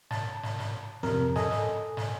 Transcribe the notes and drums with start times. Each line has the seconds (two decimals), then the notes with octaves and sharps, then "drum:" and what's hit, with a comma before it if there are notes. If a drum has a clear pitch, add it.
0.11 A5, drum: snare
0.43 drum: snare
0.59 drum: snare
1.03 F2 C3 A#4, drum: snare
1.36 A4 D#5 G#5, drum: snare
1.51 drum: snare
1.97 drum: snare